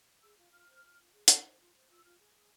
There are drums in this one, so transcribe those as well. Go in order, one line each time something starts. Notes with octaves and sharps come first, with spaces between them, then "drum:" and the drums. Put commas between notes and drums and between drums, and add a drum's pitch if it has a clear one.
G#4 E6
F4
F4 F6
C5
F4
F4
G#4
G#4, drum: hi-hat
C5
F4
C5
F4 E6
F4 F6
G#4
G#4